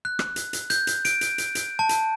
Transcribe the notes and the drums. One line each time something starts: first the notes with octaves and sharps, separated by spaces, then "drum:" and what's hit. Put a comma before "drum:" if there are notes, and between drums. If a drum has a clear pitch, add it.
F#6
drum: rim click
drum: hi-hat
drum: hi-hat
G6, drum: hi-hat
drum: hi-hat
D7, drum: hi-hat
drum: hi-hat
drum: hi-hat
drum: hi-hat
A5
drum: hi-hat